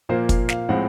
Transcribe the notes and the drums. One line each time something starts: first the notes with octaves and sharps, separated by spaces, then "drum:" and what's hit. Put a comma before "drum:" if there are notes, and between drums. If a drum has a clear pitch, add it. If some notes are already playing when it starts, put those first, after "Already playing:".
A#2 F3 A#3 C5
F5, drum: kick, hi-hat
F5, drum: snare
A2 F3 G#3 C4 F#5